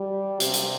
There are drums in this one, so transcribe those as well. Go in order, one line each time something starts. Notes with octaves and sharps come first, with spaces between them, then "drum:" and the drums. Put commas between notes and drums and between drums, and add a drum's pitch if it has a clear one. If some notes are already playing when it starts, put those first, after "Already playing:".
Already playing: G3
C3, drum: hi-hat
drum: hi-hat